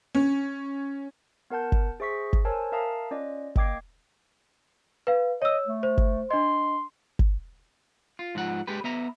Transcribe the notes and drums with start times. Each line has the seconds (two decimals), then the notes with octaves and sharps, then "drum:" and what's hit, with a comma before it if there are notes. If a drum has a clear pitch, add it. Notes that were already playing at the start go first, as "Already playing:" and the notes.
0.15 C#4
1.50 B3 A#4 F#5 A5 G6
1.72 drum: kick G1
2.00 G#4 C5 E5 C#6 A#6 B6
2.33 drum: kick G1
2.45 A#4 C5 C#5 G#5 A5 E6
2.72 A#4 E5 F5 A5 A#5 D#6
3.11 C#4 F4 D5 D#5
3.56 A#3 D#5 G5 D6 G#6 C7, drum: kick G1
5.07 B4 F5
5.42 C#5 D#5 E6
5.67 A3
5.83 C5
5.98 drum: kick G1
6.31 D4 D#5 C6
7.19 drum: kick G1
8.19 F4
8.35 G#2 F3 F#5
8.67 G#3 G4 B4
8.84 B3 E5 A#5